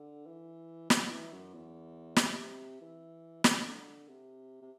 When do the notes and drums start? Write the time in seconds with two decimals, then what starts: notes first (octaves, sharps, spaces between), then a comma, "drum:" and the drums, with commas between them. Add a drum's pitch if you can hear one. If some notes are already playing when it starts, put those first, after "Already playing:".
Already playing: D3
0.26 E3
0.90 F#3, drum: snare
1.11 E3
1.33 F#2
1.54 E2
2.16 C3, drum: snare
2.81 E3
3.44 D3, drum: snare
4.08 C3
4.62 C3